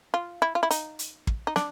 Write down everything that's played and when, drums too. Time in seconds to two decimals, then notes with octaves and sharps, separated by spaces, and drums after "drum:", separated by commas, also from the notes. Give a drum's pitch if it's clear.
0.14 F4
0.42 E4
0.55 F4
0.63 E4
0.71 D#4, drum: hi-hat
0.99 drum: hi-hat
1.27 drum: kick
1.47 D#4
1.56 D4, drum: snare